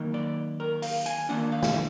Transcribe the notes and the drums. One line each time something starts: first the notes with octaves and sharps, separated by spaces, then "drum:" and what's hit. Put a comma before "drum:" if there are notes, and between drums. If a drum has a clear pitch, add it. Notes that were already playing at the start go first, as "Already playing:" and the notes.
Already playing: D#3 F#3 A#3 D#4
D5
A#4
F5, drum: open hi-hat
G#5, drum: hi-hat
D#3 A#3 D4 F#5
F5
drum: snare